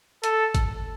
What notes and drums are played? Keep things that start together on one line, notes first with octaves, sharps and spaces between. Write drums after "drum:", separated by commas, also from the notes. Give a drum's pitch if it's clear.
A4, drum: hi-hat
drum: kick G#1, hi-hat